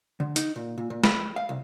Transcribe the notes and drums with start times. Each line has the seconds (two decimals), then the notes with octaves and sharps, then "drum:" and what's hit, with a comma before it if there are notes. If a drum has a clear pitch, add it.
0.20 D3
0.36 D#4, drum: hi-hat
0.56 A#2
0.78 A#2
0.90 A#2
1.04 B5, drum: snare
1.36 F5
1.49 C2